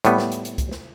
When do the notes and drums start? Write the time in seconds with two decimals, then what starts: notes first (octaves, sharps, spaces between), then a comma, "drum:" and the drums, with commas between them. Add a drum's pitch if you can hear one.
0.05 A2 G3 B3, drum: hi-hat
0.18 drum: snare
0.32 drum: hi-hat
0.45 drum: hi-hat
0.58 drum: kick C2, hi-hat
0.71 drum: snare